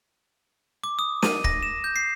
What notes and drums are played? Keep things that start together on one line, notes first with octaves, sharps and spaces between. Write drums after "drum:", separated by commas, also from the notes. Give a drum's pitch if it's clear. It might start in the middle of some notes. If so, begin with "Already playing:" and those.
D6
D#6
D#7, drum: snare
A#6, drum: kick
E7
G6
C7